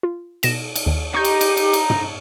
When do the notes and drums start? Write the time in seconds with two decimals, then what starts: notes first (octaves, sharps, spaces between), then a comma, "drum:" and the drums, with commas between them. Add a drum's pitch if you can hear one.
0.03 F4
0.43 B2 A#6 E7, drum: cymbal
0.76 drum: cymbal
0.86 D#2
1.15 D#4 G4 C#6 G6
1.24 drum: cymbal
1.41 drum: cymbal
1.57 drum: cymbal
1.73 drum: cymbal
1.90 drum: tom